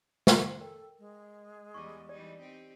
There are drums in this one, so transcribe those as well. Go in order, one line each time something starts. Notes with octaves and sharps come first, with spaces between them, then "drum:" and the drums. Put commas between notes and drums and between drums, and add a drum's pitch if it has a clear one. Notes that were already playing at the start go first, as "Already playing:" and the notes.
drum: snare
A4 A#4 G5
G#3
E2 G3 D#5 C#6 D6
E3 G3 D#4 D5
C4 D#4 G4